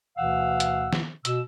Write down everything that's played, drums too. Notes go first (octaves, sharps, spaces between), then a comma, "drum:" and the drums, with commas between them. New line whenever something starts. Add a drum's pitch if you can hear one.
D2 B2 E3 F5 F#5 E6
drum: hi-hat
drum: snare
B2 E6, drum: hi-hat